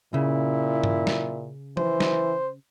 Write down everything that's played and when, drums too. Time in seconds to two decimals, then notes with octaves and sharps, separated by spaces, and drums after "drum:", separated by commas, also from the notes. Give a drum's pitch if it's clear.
0.14 A#2 C#3 E4
0.84 drum: tom G2
1.07 drum: snare
1.77 E3 C5, drum: tom F3
2.00 drum: snare